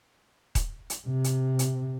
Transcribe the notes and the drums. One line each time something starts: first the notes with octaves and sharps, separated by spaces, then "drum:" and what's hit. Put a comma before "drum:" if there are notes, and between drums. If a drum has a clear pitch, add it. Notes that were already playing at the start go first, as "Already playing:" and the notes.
drum: kick D#1, hi-hat
drum: hi-hat
C3
drum: hi-hat
drum: hi-hat